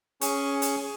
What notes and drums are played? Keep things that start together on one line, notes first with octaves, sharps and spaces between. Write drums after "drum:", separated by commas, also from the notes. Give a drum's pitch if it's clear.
C#4 G#4 C#6, drum: hi-hat
drum: hi-hat